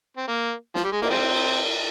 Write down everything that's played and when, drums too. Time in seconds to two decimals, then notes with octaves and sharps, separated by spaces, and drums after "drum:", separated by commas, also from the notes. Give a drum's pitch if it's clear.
0.17 C4
0.28 A#3
0.75 F3, drum: snare
0.84 G3
0.92 G#3
1.02 A#3, drum: cymbal
1.10 F3 G#3 C4